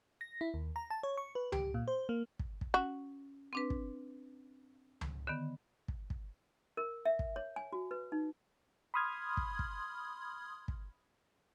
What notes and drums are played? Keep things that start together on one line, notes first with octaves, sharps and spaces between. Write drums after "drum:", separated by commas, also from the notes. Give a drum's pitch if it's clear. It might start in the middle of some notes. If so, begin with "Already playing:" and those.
A#6
E4
D#2
A#5
A5
C#5
C#6
B4
G4, drum: tom C#2
A#2
C5
A#3
drum: kick
drum: kick
C#4 F#4
C4 D4 B4
drum: kick
drum: tom C#2
D3 D#3 B3
drum: kick
drum: kick
A#4
E5
drum: kick
C#5
G#5
F#4
B4
D#4
B5 C6 D#6 F6 G#6
drum: kick
drum: kick
drum: kick